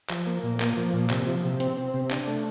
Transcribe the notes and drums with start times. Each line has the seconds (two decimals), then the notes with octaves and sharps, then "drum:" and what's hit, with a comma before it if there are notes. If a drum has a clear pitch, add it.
0.10 F3, drum: clap
0.26 A#3
0.43 A#2
0.60 A#3, drum: clap
0.77 F3
0.93 A#2
1.10 C3, drum: clap
1.27 F3
1.44 C3
1.60 C4, drum: hi-hat
1.77 C4
1.94 C3
2.10 D4, drum: clap
2.27 A3